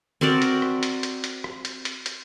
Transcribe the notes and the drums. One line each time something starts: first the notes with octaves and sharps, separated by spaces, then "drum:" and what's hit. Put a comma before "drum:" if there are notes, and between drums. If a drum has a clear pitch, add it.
C4 F#4 A#4 D5
drum: hi-hat
drum: rim click
drum: hi-hat
drum: hi-hat
drum: hi-hat
drum: rim click
drum: hi-hat
drum: hi-hat
drum: hi-hat